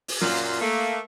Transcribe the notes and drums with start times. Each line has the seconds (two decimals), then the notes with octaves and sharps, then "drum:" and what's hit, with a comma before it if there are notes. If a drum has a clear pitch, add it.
0.08 drum: open hi-hat
0.22 F#2 A#2 A#3 F4, drum: snare
0.61 A3 A#3